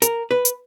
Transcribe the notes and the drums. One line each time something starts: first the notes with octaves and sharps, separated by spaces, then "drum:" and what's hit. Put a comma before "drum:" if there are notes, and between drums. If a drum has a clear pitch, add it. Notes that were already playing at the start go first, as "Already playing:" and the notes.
A#4, drum: hi-hat
B4
drum: hi-hat